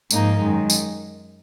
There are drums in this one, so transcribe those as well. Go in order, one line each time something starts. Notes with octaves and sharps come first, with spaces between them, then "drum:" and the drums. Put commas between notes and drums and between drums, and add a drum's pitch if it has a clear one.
G#2 F3 A#3 D#4, drum: tambourine
F#2 D#3 G#3
drum: tambourine